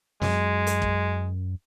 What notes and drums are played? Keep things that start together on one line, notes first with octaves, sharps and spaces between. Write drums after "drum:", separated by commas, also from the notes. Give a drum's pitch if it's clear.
F#2 G#3, drum: snare
drum: hi-hat
drum: kick